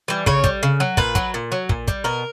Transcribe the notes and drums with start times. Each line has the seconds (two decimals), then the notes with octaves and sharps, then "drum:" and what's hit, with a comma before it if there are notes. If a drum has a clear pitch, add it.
0.08 E3 G3
0.26 C#3 C#5, drum: kick
0.44 G3, drum: kick, hi-hat
0.63 C#3
0.80 F#3
0.97 A#2 B4, drum: kick
1.15 F#3, drum: kick, hi-hat
1.34 A#2
1.52 F#3
1.69 A#2, drum: kick
1.88 G3, drum: kick, hi-hat
2.04 B2 A#4